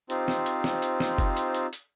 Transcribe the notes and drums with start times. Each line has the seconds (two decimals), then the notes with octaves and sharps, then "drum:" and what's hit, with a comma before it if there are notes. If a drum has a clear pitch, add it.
0.10 C4 D#4 F4 G4 C5, drum: hi-hat
0.28 drum: snare
0.46 drum: hi-hat
0.64 drum: snare
0.82 drum: hi-hat
1.00 drum: snare
1.18 drum: kick F#1, hi-hat
1.37 drum: hi-hat
1.55 drum: hi-hat
1.73 drum: hi-hat